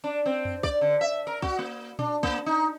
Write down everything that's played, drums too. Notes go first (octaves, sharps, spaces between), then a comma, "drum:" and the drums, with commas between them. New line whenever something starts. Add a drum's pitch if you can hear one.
D4
C4
drum: tom F2
D5, drum: kick
D3
E5
A#4
F#4, drum: kick
A#3
D4, drum: tom A#2
A#3, drum: kick
D#4